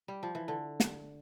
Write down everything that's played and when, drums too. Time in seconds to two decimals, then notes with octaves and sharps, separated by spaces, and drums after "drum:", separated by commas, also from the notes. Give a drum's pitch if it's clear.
0.08 G3
0.23 F3
0.35 E3
0.48 D3
0.80 drum: snare